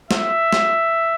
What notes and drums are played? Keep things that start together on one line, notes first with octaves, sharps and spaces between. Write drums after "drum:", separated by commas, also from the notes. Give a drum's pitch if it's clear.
E5, drum: snare
drum: snare